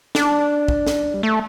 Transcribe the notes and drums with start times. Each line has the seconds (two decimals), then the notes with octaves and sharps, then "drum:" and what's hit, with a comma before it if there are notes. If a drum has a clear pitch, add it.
0.15 D4, drum: snare
0.68 drum: kick
0.87 drum: snare
1.14 G3
1.23 A3